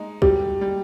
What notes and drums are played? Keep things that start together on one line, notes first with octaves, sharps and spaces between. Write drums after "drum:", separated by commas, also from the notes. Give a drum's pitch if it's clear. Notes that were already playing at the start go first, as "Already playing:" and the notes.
Already playing: G#3 D#4
G3 G4, drum: kick
G3